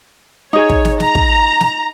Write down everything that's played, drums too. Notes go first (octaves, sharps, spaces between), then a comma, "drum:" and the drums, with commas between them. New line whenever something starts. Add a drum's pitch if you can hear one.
D#4 G#4 C#5
drum: kick
drum: snare
A#5, drum: snare
drum: kick
drum: snare